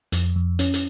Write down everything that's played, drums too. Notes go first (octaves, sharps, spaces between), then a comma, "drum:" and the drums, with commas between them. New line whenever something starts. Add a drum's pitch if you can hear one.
F2, drum: hi-hat
F2
C#4, drum: hi-hat
drum: hi-hat